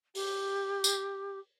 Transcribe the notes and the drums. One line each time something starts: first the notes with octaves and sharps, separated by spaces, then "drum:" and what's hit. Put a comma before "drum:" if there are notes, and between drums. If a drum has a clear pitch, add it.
G4, drum: open hi-hat
drum: tambourine